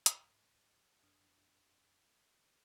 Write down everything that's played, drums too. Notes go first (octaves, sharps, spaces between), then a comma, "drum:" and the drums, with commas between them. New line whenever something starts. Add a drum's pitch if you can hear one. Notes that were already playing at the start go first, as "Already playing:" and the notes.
C2 G#2, drum: hi-hat
F#2 D4 D#6 F6